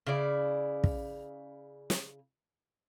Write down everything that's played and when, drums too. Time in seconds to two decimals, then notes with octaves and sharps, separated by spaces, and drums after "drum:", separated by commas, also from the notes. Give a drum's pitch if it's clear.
0.06 C#3 E4 D5
0.84 drum: kick
1.90 drum: snare